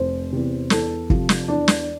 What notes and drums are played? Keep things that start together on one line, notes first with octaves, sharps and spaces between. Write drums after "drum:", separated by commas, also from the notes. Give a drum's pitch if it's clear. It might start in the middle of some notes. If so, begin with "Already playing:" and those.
Already playing: F1 C5
E2 C3
E2 A4, drum: snare
C3 F3, drum: kick
drum: snare
E2 D4
drum: snare